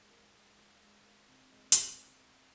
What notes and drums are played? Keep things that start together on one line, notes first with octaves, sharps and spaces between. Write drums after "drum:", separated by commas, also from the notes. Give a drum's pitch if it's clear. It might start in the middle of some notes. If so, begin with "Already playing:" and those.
Already playing: G#3 F4 A#4
F4 A#4
G#3
F4 A#4
G#3
F4 A#4
C3
G#3 D#4 G#4
drum: hi-hat